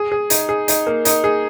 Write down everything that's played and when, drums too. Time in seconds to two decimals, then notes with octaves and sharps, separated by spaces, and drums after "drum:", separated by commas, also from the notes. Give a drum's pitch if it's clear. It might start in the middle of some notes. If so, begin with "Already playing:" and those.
Already playing: G#4
0.12 G#4
0.30 D#4, drum: hi-hat
0.49 G#4
0.68 D#4, drum: hi-hat
0.87 A#3
1.05 D#4, drum: hi-hat
1.24 G#4